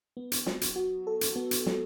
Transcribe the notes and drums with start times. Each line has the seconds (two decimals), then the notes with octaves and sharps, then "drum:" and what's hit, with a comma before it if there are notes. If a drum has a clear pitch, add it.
0.17 B3
0.32 drum: hi-hat
0.46 F#3, drum: snare
0.61 drum: hi-hat
0.76 F#4
1.07 A4
1.21 drum: hi-hat
1.36 B3
1.51 drum: hi-hat
1.66 F#3, drum: snare